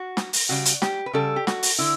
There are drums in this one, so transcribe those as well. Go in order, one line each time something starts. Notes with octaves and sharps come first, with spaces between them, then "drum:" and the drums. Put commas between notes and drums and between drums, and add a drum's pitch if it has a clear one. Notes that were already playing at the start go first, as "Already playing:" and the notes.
Already playing: F#4
drum: snare
drum: open hi-hat
C#3 G3 F#4
drum: hi-hat
G4, drum: snare
B4
C#3 G3 A4
G4
F#4, drum: snare
drum: open hi-hat
D3 E4